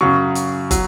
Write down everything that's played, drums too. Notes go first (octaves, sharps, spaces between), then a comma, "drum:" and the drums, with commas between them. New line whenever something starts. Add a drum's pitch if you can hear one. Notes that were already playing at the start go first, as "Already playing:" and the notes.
F#2 C#3 F#3 C#6
drum: hi-hat
F#3, drum: kick, hi-hat